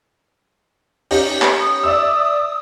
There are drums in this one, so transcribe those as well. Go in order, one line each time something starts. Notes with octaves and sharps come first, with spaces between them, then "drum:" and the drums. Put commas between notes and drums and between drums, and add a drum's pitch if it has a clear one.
C#4 D#4 G4, drum: open hi-hat
drum: clap
D#6
D5 E5 E6